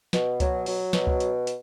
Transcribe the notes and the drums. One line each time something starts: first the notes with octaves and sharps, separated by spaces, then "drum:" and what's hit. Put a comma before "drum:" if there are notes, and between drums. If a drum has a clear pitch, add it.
B2, drum: snare
F#3, drum: kick C#2, hi-hat
F#3, drum: open hi-hat
B2, drum: snare
drum: kick C#2
drum: hi-hat
drum: hi-hat